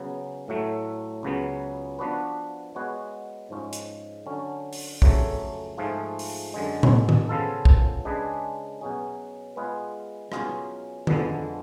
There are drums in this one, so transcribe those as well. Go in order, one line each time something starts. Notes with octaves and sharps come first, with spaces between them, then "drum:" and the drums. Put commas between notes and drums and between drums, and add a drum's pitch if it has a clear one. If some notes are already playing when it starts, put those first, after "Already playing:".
Already playing: C#3 F#3 B3
A2 F#3 A3
C#2 C#3 F#3 B3
F3 B3 D4 F#4 B4
G#3 B3 F#4 C#5
G#2 F3 G#3 C#4
drum: hi-hat
D3 F#3 C#4
drum: open hi-hat
F2 C#3 F#3 A3, drum: kick A#1
G#2 F3 A3 F4 G#4
drum: open hi-hat
F#2 D3 G#3
drum: tom A2
drum: tom D#3
C#3 F3 B3 F4 A4
drum: kick A#1
C#3 G#3 D4 G#4 B4
B2 F#3 C#4 G#4
G#3 B3 F4 G#4 B4
B2 F#3 C#4 F4 G#4, drum: rim click
F2 D3 F3 G#3 B3, drum: tom D#3